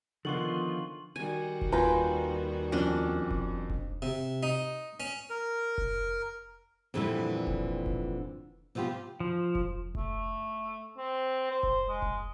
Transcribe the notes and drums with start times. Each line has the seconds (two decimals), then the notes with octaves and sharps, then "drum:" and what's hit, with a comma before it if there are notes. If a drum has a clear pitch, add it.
0.25 D3 D#3 F3 B3 F4 C6 C#6 F#7
1.16 D#3 G3 F#4 G#5
1.61 drum: kick F1
1.72 D#2 F4 B4 G5 G#5 A#5
2.72 F2 C#4 D4
3.31 drum: kick F1
3.70 drum: kick F1
4.02 C3
4.43 D#4
5.00 C#4
5.30 A#4
5.78 drum: kick F1
6.94 F2 A#2 D3 E3 G3 E4
7.47 drum: kick F1
7.86 drum: kick F1
8.75 C3 F3 B3 F4 G4
9.20 F3
9.55 drum: kick F1
9.95 A3, drum: kick F1
10.98 C4
11.51 C5
11.63 drum: kick F1
11.89 G#3
12.02 drum: kick F1